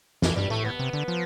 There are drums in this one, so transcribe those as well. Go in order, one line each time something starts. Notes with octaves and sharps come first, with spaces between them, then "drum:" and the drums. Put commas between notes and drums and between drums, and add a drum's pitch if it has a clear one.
F2 E3, drum: snare
G2 G3
A2 A3
B3
C3
D3
F3